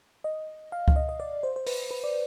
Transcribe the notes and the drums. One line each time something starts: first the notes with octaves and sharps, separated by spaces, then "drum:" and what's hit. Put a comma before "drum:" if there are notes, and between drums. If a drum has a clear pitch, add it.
D#5
F5
F5, drum: kick C#2
D#5
D#5
D5
C5
C5
B4, drum: open hi-hat
B4
D5